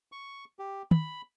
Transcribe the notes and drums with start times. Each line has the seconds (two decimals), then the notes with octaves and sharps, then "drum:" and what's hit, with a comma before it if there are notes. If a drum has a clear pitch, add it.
0.12 C#6
0.59 G4
0.91 B5, drum: tom